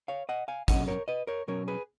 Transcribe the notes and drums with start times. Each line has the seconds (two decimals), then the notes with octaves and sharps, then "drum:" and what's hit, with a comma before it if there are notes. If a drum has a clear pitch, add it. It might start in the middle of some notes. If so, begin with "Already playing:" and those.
0.08 C#5 F5
0.29 D#5 F#5
0.48 F5 G#5
0.68 B2 F#3 C#4 D#5 F#5, drum: kick, hi-hat
0.88 A#4 C#5
1.08 B4 D#5
1.27 A#4 C#5
1.48 B2 F#3 C#4 A#4 C#5
1.68 G#4 B4